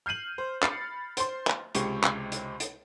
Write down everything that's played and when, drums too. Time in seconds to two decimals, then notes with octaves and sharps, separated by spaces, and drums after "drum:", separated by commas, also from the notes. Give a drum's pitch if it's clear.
0.06 F6 G6 C7 D#7 F#7
0.38 C5
0.63 B5 F6 A6 C7 C#7, drum: clap
1.17 C5 C6, drum: hi-hat
1.47 drum: clap
1.75 C#2 C3 G#3 G4 C#6, drum: hi-hat
2.04 drum: clap
2.32 drum: hi-hat
2.60 drum: hi-hat